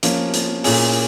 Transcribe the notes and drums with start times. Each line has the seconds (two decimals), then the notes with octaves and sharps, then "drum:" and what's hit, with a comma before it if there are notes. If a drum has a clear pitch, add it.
0.03 F3 A#3 C#4, drum: hi-hat
0.34 drum: hi-hat
0.64 A#2 A#3 C#4 G#4, drum: open hi-hat